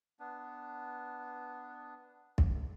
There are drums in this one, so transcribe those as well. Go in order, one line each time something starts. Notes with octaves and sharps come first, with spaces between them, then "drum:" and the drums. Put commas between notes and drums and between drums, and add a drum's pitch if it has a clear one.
B3 D4
drum: kick